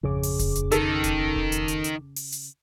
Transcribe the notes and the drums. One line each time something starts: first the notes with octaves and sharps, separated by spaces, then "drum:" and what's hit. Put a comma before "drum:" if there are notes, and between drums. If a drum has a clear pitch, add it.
G#1 F2 C#3 D6
drum: open hi-hat
drum: kick E1, hi-hat
drum: hi-hat
D#3 A4, drum: hi-hat
drum: kick E1, hi-hat
drum: kick E1
drum: hi-hat
drum: hi-hat
drum: hi-hat
drum: open hi-hat
drum: hi-hat